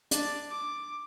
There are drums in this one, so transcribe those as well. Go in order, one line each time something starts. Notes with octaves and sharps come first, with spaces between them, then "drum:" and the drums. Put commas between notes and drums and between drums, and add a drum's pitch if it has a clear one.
D4 D5, drum: hi-hat
D6